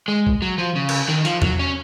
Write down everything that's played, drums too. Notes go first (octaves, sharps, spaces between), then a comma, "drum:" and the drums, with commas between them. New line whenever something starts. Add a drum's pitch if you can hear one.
G#3
drum: kick A1
F#3
F3
C#3
drum: cymbal
D#3
F3, drum: hi-hat
F#3, drum: tom
C#4